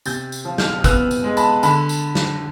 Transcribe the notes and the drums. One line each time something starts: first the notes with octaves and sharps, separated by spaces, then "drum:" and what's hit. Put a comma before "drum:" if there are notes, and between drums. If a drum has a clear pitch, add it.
C3 G6 A6, drum: tambourine
drum: tambourine
F3
F6 G6, drum: snare
F6
B3 E6 F#6, drum: kick, tambourine
drum: tambourine
G#3
A5 B5, drum: tambourine
D3 A5 B5, drum: tambourine
drum: tambourine
drum: snare